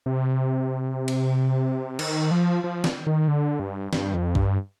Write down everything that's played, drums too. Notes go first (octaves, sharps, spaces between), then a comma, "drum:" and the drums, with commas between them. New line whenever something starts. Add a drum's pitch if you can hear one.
C3
drum: cymbal
D#3, drum: cymbal
F3
F3
drum: snare
D#3
D3
G2
G2, drum: snare
F2
G2, drum: kick